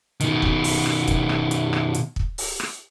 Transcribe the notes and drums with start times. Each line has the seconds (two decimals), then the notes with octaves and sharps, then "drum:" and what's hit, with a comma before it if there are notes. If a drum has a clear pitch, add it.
0.20 B2 D#3, drum: hi-hat
0.42 drum: kick
0.64 drum: open hi-hat
0.86 drum: rim click
1.07 drum: kick, hi-hat
1.29 drum: rim click
1.51 drum: hi-hat
1.73 drum: rim click
1.94 drum: hi-hat
2.16 drum: kick
2.38 drum: open hi-hat
2.60 drum: rim click